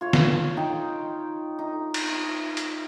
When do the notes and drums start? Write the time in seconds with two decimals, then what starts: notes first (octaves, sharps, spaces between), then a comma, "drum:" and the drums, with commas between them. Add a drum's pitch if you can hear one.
0.01 F4 C#5
0.13 drum: snare
0.57 D#4 G5
1.59 D#4
1.94 drum: cymbal
2.57 drum: hi-hat